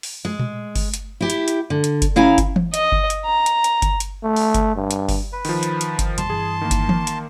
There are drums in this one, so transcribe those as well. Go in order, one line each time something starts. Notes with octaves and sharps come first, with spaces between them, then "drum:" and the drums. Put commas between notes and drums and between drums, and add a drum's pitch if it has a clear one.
drum: open hi-hat
G#3
drum: tom A#2
drum: kick G1, open hi-hat
drum: hi-hat
E4 G4
drum: hi-hat
drum: hi-hat
D3
drum: hi-hat
drum: kick G1, hi-hat
C#3 E4 F5 G#5 A#5
drum: kick G1, hi-hat
drum: tom E3
D#5, drum: hi-hat
drum: kick G1
drum: hi-hat
A#5
drum: hi-hat
drum: hi-hat
drum: kick G1, hi-hat
drum: hi-hat
A3
drum: open hi-hat
drum: kick G1, hi-hat
G2
drum: hi-hat
drum: kick G1, open hi-hat
B4
D#3 F3, drum: open hi-hat
drum: hi-hat
drum: hi-hat
drum: kick G1, hi-hat
E2 B2 G3 A5 C6, drum: hi-hat
G2 E3 G#4
D#3 A#3
drum: kick G1, hi-hat
drum: tom E3
drum: hi-hat